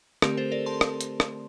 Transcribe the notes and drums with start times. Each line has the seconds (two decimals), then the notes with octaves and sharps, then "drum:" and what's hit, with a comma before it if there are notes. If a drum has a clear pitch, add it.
0.22 D3 A3 C4 G4 A#4, drum: rim click
0.37 A4 C5
0.52 A#4 D5
0.66 A5 C6
0.81 drum: rim click
1.01 drum: hi-hat
1.20 drum: rim click